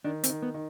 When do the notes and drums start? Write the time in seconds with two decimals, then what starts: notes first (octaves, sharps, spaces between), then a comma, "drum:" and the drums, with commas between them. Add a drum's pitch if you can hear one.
0.04 D#3 D4
0.24 C4, drum: hi-hat
0.30 D#3
0.42 B3
0.54 D#3